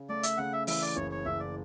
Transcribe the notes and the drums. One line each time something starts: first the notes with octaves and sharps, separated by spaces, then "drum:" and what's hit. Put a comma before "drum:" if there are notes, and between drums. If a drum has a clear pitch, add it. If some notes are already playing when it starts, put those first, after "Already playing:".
Already playing: C#3
A3 D5
E5, drum: hi-hat
C#3 F#5
E5
E3 E5, drum: open hi-hat
D5
F#1 C#5
C#5
F#1 E5
D5